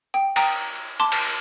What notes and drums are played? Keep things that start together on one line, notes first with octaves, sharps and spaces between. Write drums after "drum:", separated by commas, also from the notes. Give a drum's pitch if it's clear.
G5
G5 A#5 D#6, drum: cymbal
A5 C6 D6
drum: cymbal